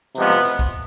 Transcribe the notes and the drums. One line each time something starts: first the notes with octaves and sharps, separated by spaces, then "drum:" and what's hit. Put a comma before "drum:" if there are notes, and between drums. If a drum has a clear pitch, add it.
C3 F3 G#3 B3, drum: tambourine
drum: snare
drum: tambourine
drum: kick